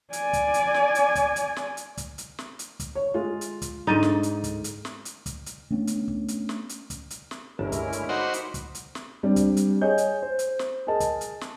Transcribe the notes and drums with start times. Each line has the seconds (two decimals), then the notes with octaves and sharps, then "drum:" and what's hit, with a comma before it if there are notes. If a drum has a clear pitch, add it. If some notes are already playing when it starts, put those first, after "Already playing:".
0.13 D5 G#5, drum: hi-hat
0.33 drum: kick, hi-hat
0.54 drum: hi-hat
0.74 drum: snare
0.95 drum: hi-hat
1.15 drum: kick, hi-hat
1.36 drum: hi-hat
1.56 drum: snare
1.77 drum: hi-hat
1.97 drum: kick, hi-hat
2.18 drum: hi-hat
2.39 drum: snare
2.59 drum: hi-hat
2.80 drum: kick, hi-hat
2.95 C#5
3.14 G#3 F4
3.41 drum: hi-hat
3.62 drum: kick, hi-hat
3.87 G#2 D3 D#4 A6 D#7
4.03 drum: snare
4.23 drum: hi-hat
4.44 drum: kick, hi-hat
4.64 drum: hi-hat
4.85 drum: snare
5.05 drum: hi-hat
5.26 drum: kick, hi-hat
5.46 drum: hi-hat
5.71 A3 B3 C#4 D4
5.87 drum: hi-hat
6.08 drum: kick
6.28 drum: hi-hat
6.49 drum: snare
6.69 drum: hi-hat
6.90 drum: kick, hi-hat
7.10 drum: hi-hat
7.31 drum: snare
7.59 G1 G#3 A3 C#4 D4 E4 A#4 A5
7.72 drum: kick, hi-hat
7.93 drum: hi-hat
8.09 D#4 F#4 C5 D5 B5 C#6 D6
8.34 drum: hi-hat
8.54 drum: kick, hi-hat
8.75 drum: hi-hat
8.95 drum: snare
9.23 G3 C4 D4 D5
9.36 drum: kick, hi-hat
9.57 drum: hi-hat
9.82 G#4 C#5 D#5 G6
9.98 drum: hi-hat
10.22 C5
10.39 drum: hi-hat
10.59 drum: snare
10.87 G#4 A#4 D#5 A5
11.00 drum: kick, hi-hat
11.21 drum: hi-hat
11.41 drum: snare